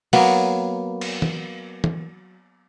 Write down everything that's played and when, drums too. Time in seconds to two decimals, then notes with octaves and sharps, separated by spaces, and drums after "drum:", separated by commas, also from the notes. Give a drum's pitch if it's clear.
0.13 F#3 A#3 B3, drum: open hi-hat
1.01 drum: cymbal
1.22 drum: tom
1.84 drum: tom